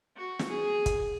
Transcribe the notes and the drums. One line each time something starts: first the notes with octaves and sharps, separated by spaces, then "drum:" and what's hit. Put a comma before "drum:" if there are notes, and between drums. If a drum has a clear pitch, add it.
F#4
drum: snare
G#4
drum: kick, hi-hat